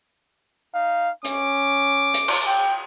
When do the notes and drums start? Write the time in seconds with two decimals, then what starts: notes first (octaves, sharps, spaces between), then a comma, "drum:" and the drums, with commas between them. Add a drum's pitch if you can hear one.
0.74 D#4 F5
1.25 C#4 D6, drum: hi-hat
2.14 drum: hi-hat
2.28 drum: cymbal
2.47 G5